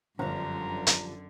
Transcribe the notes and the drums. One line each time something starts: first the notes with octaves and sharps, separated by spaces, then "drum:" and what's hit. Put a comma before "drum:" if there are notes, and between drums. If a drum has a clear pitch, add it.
G1 F#2 D3 F3 G3 A#5
drum: hi-hat